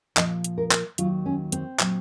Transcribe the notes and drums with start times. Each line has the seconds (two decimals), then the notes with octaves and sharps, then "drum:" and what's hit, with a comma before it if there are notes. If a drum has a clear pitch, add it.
0.17 A#2 F3 D#5, drum: clap
0.44 drum: hi-hat
0.58 A#4
0.71 drum: clap
0.98 D#2 D#3 F#3 F4, drum: hi-hat
1.26 C#4
1.52 C4, drum: hi-hat
1.79 A#2 F#3, drum: clap